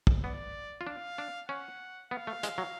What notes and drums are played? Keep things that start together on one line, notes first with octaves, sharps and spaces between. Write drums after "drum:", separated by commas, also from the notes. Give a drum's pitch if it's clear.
drum: kick
B3 D5
F4
D4 F5
D4
C#4 F#5
B3 F5
A3
G#3, drum: hi-hat
F#3